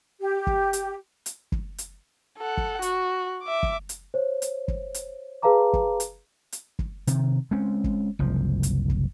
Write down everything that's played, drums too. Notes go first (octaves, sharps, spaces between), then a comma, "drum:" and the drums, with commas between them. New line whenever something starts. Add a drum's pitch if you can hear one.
G4
drum: kick
drum: hi-hat
drum: hi-hat
drum: kick
drum: hi-hat
A4 F#5
drum: kick
F#4, drum: hi-hat
E5 D6
drum: kick
drum: hi-hat
C5 C#5
drum: hi-hat
drum: kick
drum: hi-hat
G#4 B4 F5 A5 A#5 D6
drum: kick
drum: hi-hat
drum: hi-hat
drum: kick
C3 D#3, drum: hi-hat
G#3 C4 C#4
drum: kick
F#1 C2 F3
drum: hi-hat
drum: kick